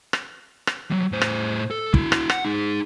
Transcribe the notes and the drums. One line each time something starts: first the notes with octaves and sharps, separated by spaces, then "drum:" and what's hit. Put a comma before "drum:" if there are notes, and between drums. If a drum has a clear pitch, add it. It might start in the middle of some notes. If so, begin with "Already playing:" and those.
drum: rim click
drum: rim click
F#3 G3
A2 C5
drum: rim click
A4
E4 F#4, drum: kick
drum: rim click
F#5, drum: rim click
D#4 G#4